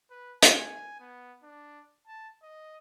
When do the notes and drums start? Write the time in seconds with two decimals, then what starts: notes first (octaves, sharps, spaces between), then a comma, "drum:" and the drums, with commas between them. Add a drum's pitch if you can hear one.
0.10 B4
0.42 G#5, drum: hi-hat
1.00 B3
1.43 D4
2.07 A5
2.43 D#5